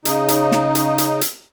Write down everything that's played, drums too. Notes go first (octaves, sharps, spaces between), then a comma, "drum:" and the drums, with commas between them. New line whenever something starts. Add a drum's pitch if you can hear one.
C#3 D#4, drum: hi-hat
drum: hi-hat
drum: snare
drum: hi-hat
drum: hi-hat
drum: hi-hat